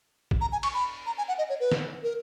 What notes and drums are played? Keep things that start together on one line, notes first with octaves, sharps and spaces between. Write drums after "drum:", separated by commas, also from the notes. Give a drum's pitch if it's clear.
drum: kick
A#5
G#5
C#6, drum: cymbal
B5
A#5
G#5
F#5
D#5
C#5
B4
drum: snare
A#4